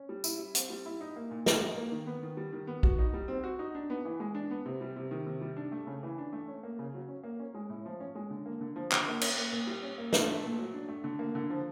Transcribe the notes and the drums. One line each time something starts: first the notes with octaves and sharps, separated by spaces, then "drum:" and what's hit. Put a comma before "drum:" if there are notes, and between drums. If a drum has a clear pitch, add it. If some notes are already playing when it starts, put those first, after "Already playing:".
Already playing: C#4
G3
E4, drum: tambourine
G3
C4, drum: hi-hat
G3
E4
D#4
A#3
A#2
G3, drum: snare
D#4
A#3
D#3
B3
D#3
G3
D#3
B3
F#4, drum: kick
D#4
G3
C4
F#4
D#4
D4
B3
E3
G#3
D4
B3
C3
G3
C3
D#3
C3
G3
D4
A3
C#3
E3
D4
A3
C#4
A#3
C#3
F#3
C#4
A#3
C#4
G#3
A2
F3
C#4
G#3
D3
A#3
D3
F3
D3, drum: clap
A#3
C#4, drum: cymbal
A#3
A#2
G3
C#4
A#3
D4, drum: snare
A3
A#2
F#3
D4
A3
D3
A#3
D3
F3